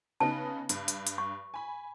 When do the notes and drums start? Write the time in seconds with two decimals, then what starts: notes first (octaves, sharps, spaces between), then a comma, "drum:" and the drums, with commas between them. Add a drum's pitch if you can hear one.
0.20 C#3 B3 D#4 A5
0.69 G2, drum: hi-hat
0.88 drum: hi-hat
1.07 drum: hi-hat
1.18 C#6
1.54 G#5 B5